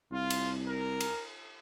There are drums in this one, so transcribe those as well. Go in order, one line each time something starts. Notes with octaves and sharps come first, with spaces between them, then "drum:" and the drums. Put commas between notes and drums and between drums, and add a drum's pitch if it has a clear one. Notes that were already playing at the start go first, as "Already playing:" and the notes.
C2 F4
drum: cymbal
A#4
drum: cymbal